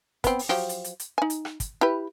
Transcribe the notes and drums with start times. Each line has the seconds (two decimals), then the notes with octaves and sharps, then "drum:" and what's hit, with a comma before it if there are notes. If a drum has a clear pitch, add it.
0.24 B3 C4, drum: kick, hi-hat
0.39 drum: open hi-hat
0.49 F3 F#3 G4
0.69 drum: hi-hat
0.84 drum: hi-hat
1.00 drum: hi-hat
1.18 D#4 G#5
1.30 drum: hi-hat
1.45 drum: rim click
1.60 drum: kick, hi-hat
1.81 E4 G4 B4